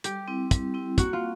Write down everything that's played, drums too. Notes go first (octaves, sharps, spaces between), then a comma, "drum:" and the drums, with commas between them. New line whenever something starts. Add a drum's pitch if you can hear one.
G3 G4, drum: hi-hat
C4 E4
G3, drum: kick, hi-hat
C4 E4
A#3 F#4, drum: kick, hi-hat
F4